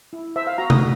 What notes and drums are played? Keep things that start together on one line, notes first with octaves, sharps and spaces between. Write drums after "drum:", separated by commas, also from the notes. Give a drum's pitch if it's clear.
E4
C5 E5
F5
F#4 A#5
D#6, drum: tom C3